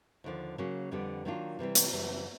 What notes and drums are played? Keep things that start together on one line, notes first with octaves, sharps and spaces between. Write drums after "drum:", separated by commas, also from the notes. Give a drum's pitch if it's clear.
D#2 D3 F3
C#3 F#3 A#3 C#4
F2 D3 G3 B3
D#3 F#3 A#3 D4 F4
C3 E3 G3 C4
drum: hi-hat
F#2 C#3 E3 G3